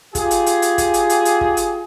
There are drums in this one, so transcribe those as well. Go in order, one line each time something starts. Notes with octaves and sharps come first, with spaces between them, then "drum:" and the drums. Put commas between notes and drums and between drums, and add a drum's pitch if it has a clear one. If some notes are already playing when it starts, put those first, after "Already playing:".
F4 G4 G#4, drum: kick, hi-hat
drum: hi-hat
drum: hi-hat
drum: hi-hat
drum: kick, hi-hat
drum: hi-hat
drum: hi-hat
drum: hi-hat
drum: kick
drum: hi-hat